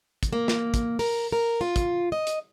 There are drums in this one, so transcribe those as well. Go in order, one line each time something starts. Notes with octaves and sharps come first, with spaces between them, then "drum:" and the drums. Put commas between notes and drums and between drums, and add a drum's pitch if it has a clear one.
drum: kick, hi-hat
A#3
drum: snare
drum: kick, hi-hat
A#4, drum: open hi-hat
A#4
F4
drum: kick, hi-hat
D#5
drum: hi-hat